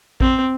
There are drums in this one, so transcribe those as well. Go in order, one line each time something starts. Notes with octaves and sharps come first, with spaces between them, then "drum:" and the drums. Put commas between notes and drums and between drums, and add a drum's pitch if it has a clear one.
C4, drum: kick A1